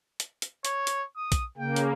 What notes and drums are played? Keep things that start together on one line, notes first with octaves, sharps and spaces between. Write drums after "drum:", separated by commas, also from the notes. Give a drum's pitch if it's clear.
drum: hi-hat
drum: hi-hat
C#5, drum: hi-hat
drum: hi-hat
D#6
drum: kick, hi-hat
C#3 A#3 G5
drum: hi-hat